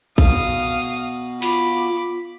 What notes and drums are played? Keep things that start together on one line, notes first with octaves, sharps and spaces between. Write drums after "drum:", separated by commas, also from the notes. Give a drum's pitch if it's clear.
B2 F5 D#6, drum: kick A#1
F4 B5 D6, drum: open hi-hat